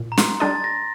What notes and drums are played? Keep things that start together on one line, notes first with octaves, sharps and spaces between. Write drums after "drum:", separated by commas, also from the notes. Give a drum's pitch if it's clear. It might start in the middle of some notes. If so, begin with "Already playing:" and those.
Already playing: A#2
A#5
C6, drum: snare
G3 D4 A4 D#5 A6
A6
A#6